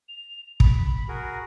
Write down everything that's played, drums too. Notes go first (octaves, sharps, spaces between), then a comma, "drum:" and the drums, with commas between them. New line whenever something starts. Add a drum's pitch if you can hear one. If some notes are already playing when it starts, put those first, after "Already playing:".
F7
B5, drum: kick
F#4 G#4 A#4